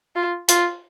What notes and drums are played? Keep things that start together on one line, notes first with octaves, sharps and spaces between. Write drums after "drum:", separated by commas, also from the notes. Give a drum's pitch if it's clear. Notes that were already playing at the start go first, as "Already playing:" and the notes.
F4
F4, drum: hi-hat